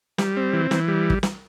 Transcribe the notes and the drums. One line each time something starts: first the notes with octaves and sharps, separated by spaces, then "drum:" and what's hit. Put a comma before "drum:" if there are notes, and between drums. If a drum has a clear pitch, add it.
G3, drum: snare
C4
E3
E3, drum: snare
G3
drum: kick
drum: snare